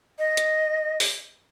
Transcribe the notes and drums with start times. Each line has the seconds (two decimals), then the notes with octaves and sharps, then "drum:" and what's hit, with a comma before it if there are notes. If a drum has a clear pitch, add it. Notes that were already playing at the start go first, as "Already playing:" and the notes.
0.19 D#5
0.37 drum: hi-hat
1.00 drum: open hi-hat